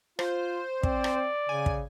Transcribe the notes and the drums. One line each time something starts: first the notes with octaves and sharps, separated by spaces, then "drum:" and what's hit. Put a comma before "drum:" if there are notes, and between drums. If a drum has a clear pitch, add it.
F4 C5, drum: rim click
C4 D5, drum: kick
drum: rim click
C#3 G#5
drum: kick